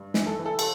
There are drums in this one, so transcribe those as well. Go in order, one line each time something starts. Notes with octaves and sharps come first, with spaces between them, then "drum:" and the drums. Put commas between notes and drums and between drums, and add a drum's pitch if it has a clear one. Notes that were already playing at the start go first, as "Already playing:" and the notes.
Already playing: G2
E3, drum: snare
A4
E3
A4
A4, drum: cymbal